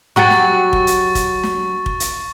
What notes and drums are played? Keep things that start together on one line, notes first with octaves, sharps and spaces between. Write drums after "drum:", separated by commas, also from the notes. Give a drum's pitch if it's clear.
F#3 F#4 G4 C#6 A6
drum: snare
drum: kick
drum: hi-hat
drum: kick, hi-hat
drum: snare
drum: kick
drum: hi-hat